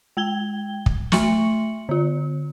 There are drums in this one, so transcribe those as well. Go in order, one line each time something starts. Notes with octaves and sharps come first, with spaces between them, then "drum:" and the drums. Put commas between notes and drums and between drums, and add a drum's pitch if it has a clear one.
G#3 G5 G#6 G7
drum: kick
A3 E5 C6 C#6 C#7 F#7, drum: snare
D3 F4